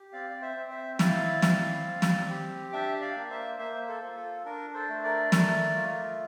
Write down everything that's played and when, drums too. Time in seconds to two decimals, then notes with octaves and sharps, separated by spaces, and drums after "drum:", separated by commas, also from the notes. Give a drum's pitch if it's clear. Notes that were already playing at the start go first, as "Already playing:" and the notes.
Already playing: G4
0.12 C4 D5 F5
0.30 D5
0.42 C5 E5
0.56 C4
0.71 C5 E5
0.99 E4 D5 F5, drum: snare
1.42 C4, drum: snare
1.86 C4
2.02 drum: snare
2.30 G4
2.72 D4 E5 G5
3.01 D5 F5
3.16 A#3
3.30 C5 E5
3.59 A#3 C5 E5
3.87 A4 C5
4.03 F4
4.16 A4
4.45 D4 A#4
4.74 A4 C5
4.89 A3
5.03 A#4 D5
5.32 A3, drum: snare
5.76 F4